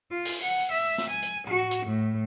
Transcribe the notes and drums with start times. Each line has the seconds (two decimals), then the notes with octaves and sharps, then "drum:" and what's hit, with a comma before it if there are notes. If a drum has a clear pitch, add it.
0.11 F4
0.25 drum: open hi-hat
0.42 F#5
0.70 E5
0.98 drum: snare
1.10 G#5
1.22 drum: hi-hat
1.47 F#4, drum: tom A2
1.71 drum: hi-hat
1.87 A2